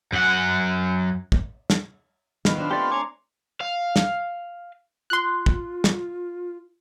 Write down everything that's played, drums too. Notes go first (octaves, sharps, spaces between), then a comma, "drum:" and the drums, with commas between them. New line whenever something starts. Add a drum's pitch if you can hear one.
F#2 F#5
drum: kick
drum: snare
D#3 B3 F4, drum: snare
C4 D4
A3 G4 D5 C6
C#5 G#5 A#5 D6
F5
drum: snare
F4 C6 F#6
drum: kick
drum: snare